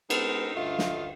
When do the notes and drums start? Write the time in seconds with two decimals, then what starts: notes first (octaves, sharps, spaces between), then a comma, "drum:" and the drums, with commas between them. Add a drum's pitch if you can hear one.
0.10 G#3 B3 C4 D#4 A4 A#4, drum: cymbal
0.56 D2 G2 A3 F4 D#5 F5
0.79 drum: snare